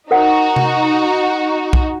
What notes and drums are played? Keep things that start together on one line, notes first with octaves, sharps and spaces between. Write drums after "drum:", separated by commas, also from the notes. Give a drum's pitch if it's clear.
D#4 F#4 A#4 C5 F#5
drum: tom C3
drum: kick